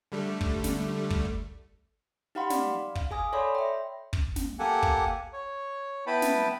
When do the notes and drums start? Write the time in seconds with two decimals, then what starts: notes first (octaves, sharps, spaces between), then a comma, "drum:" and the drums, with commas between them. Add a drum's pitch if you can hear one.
0.12 D3 G3 A3
0.41 drum: kick
0.64 drum: snare
1.10 drum: kick
2.35 D#4 G4 F5 F#5 B5 C6
2.50 D5 F5, drum: snare
2.95 F5, drum: kick
3.11 G#4 G#5 D#6
3.33 A4 C#5 D5 B5 C6
3.55 E5 G5
4.13 drum: kick
4.36 drum: snare
4.59 A#3 G4 A4 F#5 G#5
4.83 drum: kick
5.33 C#5
6.07 B3 E4 B4 G5 A5 B5
6.22 drum: snare